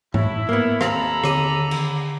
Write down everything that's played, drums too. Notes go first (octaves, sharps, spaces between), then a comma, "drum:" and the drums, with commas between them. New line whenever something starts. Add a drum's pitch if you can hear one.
A2 E4, drum: tom G#2
A#3 B3
D#2 C4 A4 F5 A#5 B5, drum: rim click
D3 D6 D#7, drum: rim click
drum: cymbal